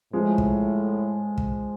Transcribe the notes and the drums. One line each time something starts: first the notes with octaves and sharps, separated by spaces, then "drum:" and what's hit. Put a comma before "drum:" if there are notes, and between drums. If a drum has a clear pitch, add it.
A2 F3 G#3
drum: kick
drum: kick